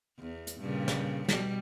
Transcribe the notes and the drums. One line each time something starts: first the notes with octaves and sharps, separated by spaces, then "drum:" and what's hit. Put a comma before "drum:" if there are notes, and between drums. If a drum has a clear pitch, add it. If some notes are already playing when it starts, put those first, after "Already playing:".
E2
drum: hi-hat
G2 A#2 C#3
drum: snare
B2 G3, drum: snare